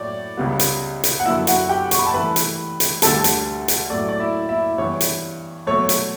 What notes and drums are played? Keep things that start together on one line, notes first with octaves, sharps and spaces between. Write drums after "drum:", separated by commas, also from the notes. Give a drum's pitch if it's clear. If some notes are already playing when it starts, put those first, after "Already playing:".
Already playing: A2 F#3 C#5 D5
C#2 C#3 G3 B3
drum: hi-hat
drum: hi-hat
F#5
F#2 D3 F#3 B3 E4 E5
F#4 F#5, drum: hi-hat
G4 G5
C#6, drum: hi-hat
B5
A5
G2 E3 A3 B4 B5
drum: hi-hat
drum: hi-hat
D2 D3 G3 A4 A5, drum: hi-hat
drum: hi-hat
drum: hi-hat
A2 F#3 A3 D5
D5
E4 E5
E4 E5
G2 E3 B3 C#5
drum: hi-hat
B2 F#3 A3 C#5
drum: hi-hat